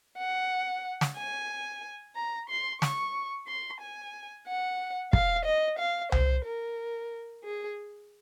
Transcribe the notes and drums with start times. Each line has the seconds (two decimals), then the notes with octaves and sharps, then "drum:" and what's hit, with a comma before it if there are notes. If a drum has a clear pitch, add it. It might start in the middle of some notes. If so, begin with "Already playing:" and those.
0.18 F#5
1.01 drum: snare
1.16 G#5
2.16 A#5
2.49 C6
2.82 C#6, drum: snare
3.48 C6
3.80 G#5
4.47 F#5
5.13 F5, drum: kick
5.45 D#5
5.79 F5
6.12 C5, drum: tom C2
6.45 A#4
7.44 G#4